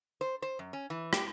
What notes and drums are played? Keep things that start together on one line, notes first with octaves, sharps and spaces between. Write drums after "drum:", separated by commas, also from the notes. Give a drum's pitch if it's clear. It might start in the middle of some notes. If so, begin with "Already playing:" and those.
C5
C5
F#2
C#4
E3
G4, drum: rim click